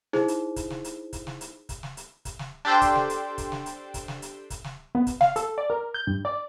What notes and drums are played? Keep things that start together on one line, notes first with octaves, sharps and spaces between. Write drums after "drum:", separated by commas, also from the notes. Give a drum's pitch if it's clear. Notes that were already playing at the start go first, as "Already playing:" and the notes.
D#4 E4 G#4 C5, drum: snare
drum: hi-hat
drum: kick C#1, hi-hat
drum: snare
drum: hi-hat
drum: kick C#1, hi-hat
drum: snare
drum: hi-hat
drum: kick C#1, hi-hat
drum: snare
drum: hi-hat
drum: kick C#1, hi-hat
drum: snare
D4 G4 A4 C5 G5
drum: kick C#1, hi-hat
drum: snare
drum: hi-hat
drum: kick C#1, hi-hat
drum: snare
drum: hi-hat
drum: kick C#1, hi-hat
drum: snare
drum: hi-hat
drum: kick C#1, hi-hat
drum: snare
B3
drum: kick C#1, hi-hat
F5, drum: snare
A4, drum: hi-hat
D5
A#4
G6
G2
D5